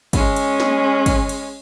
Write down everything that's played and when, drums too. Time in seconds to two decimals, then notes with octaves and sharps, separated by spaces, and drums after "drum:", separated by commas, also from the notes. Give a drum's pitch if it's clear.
0.13 G#3 C#4, drum: kick, cymbal
0.36 drum: cymbal
0.60 drum: snare A#3
1.06 drum: kick, cymbal
1.29 drum: cymbal